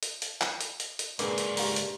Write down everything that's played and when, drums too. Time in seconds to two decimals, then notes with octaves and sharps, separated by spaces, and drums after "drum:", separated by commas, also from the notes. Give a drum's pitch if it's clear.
0.03 drum: hi-hat
0.22 drum: hi-hat
0.41 drum: clap
0.61 drum: hi-hat
0.80 drum: hi-hat
0.99 drum: hi-hat
1.19 C#2 G#2 A#3 D4 G#4 B4 D5 D6, drum: hi-hat
1.38 drum: hi-hat
1.57 G4 F5 A#5, drum: open hi-hat
1.76 drum: hi-hat